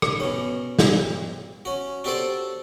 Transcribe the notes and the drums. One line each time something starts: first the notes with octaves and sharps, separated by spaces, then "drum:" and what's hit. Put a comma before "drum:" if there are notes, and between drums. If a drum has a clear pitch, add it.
drum: rim click
B2 C#4
drum: snare
C#4 F#4
D4 F#4 G4 A4 C5 D5